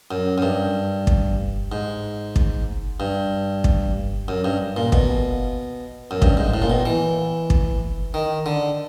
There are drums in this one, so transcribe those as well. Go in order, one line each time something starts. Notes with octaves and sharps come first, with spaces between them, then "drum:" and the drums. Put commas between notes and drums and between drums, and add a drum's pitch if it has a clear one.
F#2
F#2
G2
drum: kick
G#2
drum: kick
G2
drum: kick
F#2
G2
A#2
B2, drum: kick
F#2
G2, drum: kick
G#2
A2
A#2
B2
E3
drum: kick
D#3
D3